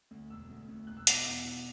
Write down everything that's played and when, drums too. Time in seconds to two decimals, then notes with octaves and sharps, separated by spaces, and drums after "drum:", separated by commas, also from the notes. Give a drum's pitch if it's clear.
0.11 D2
0.30 E1 E6
0.50 D2
0.69 D2
0.87 E1 F#6
0.97 E6
1.07 B2 D6, drum: hi-hat
1.26 E2
1.45 B2